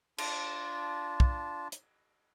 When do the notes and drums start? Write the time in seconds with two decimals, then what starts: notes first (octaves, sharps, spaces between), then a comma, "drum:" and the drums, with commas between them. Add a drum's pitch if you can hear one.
0.18 D4 F4 A5, drum: cymbal
1.20 drum: kick
1.72 drum: hi-hat